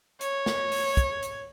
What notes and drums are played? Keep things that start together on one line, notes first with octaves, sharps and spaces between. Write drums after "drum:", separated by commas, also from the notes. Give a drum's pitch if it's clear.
C#5, drum: hi-hat
drum: snare
drum: open hi-hat
drum: kick, hi-hat
drum: hi-hat